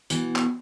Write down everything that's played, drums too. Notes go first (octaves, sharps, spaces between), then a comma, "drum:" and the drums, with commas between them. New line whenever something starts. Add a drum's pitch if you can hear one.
B2 E3, drum: hi-hat
drum: clap